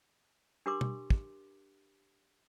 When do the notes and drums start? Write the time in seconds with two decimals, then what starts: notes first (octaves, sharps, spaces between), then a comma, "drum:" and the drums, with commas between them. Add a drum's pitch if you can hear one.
0.66 D4 G4 A#4 C6 D6
0.81 drum: tom B2
1.10 drum: kick